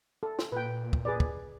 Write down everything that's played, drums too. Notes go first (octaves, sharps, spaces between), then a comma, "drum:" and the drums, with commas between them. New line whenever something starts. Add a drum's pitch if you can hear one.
A4
drum: snare
A#2 B4 G5
drum: kick
G#4 B4 D5
drum: kick